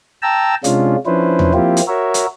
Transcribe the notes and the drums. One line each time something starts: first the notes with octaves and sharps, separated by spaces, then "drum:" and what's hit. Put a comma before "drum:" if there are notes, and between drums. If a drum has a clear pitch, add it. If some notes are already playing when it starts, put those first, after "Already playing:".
G5 A5 A#5 E6
C3 G#3 C#4 D4 F4, drum: hi-hat
F3 C#4 D4 E4 B4 C5
drum: tom E2
F3 A#3 C4 E4 F4 G4
drum: hi-hat
F#4 A#4 C#5 E5
drum: hi-hat